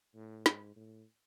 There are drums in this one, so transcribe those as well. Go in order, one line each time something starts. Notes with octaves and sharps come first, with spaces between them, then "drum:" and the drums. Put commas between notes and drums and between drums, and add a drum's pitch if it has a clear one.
A2
G#2, drum: snare
A2